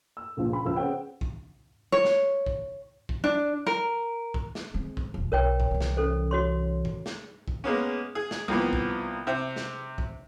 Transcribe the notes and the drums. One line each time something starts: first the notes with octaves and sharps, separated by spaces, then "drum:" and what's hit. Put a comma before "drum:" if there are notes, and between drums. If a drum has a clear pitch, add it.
E6
C#2 G2 A#2 F3
B5
C#2 F3 E6
C4 C#4 G#4 B4 F#5 G5
drum: kick
C#5
drum: snare
drum: kick
drum: kick
D4
A#4
drum: kick
drum: snare
G#3 C4
drum: kick
E1 F3
B1 A#4 C#5 G5
drum: kick
C2 E3
drum: snare
C#4 A4 C5
F#4 C#5 C6
drum: kick
drum: snare
drum: kick
G#3 A#3 B3 C#4
G#4
drum: snare
C2 F3 A#3 B3
drum: kick
C3 C5
drum: snare
drum: kick